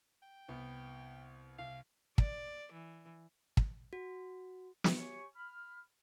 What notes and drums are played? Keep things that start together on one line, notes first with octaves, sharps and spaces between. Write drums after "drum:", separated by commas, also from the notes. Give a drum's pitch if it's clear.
G5
C2 B3
C2 F5
D5, drum: kick
E3
drum: kick
F#4
drum: snare
G4 C#5 G#5 C#6
B5 F6